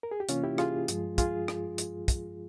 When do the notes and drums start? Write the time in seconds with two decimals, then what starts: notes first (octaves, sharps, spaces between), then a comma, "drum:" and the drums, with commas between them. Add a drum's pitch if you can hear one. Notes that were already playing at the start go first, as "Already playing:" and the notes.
0.03 A#4
0.11 G#4
0.20 G4
0.29 C3 E3 A#3 C#4 F4, drum: hi-hat
0.43 E4 G4
0.58 F4 G#4, drum: rim click
0.88 G2 F3 G#3, drum: hi-hat
1.18 F4 G#4, drum: kick, hi-hat
1.48 drum: rim click
1.78 drum: hi-hat
2.08 drum: kick, hi-hat